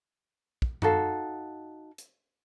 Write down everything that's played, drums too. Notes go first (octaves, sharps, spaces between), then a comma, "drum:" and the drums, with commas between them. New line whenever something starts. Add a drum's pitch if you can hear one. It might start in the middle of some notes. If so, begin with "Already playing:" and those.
drum: kick
D#4 F#4 A4 F5, drum: tom F#2
drum: hi-hat